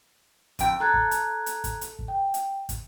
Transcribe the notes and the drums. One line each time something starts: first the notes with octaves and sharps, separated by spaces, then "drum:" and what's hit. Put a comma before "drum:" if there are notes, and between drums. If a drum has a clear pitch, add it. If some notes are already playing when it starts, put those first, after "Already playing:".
F2 G5, drum: kick, hi-hat
A4 A#5 F#6 G#6
drum: kick
drum: hi-hat
drum: hi-hat
drum: kick, hi-hat
drum: hi-hat
drum: kick
G5
drum: hi-hat
drum: kick, hi-hat